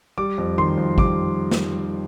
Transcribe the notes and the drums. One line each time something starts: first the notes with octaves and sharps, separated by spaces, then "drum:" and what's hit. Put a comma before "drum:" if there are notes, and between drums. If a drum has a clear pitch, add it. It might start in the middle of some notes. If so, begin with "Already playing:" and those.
G3 D6
F2
D#3 C6
F2
G3 D6, drum: kick
drum: snare